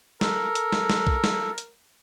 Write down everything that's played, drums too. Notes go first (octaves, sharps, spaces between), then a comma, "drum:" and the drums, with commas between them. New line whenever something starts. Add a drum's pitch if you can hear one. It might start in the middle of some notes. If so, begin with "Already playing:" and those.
A4 A#4, drum: snare
drum: hi-hat
drum: snare
drum: snare
drum: kick B1
drum: snare
drum: hi-hat